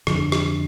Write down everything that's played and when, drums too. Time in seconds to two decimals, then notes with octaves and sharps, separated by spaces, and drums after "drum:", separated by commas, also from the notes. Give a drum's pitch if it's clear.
0.07 F2 D3 F3 D4, drum: rim click
0.32 drum: rim click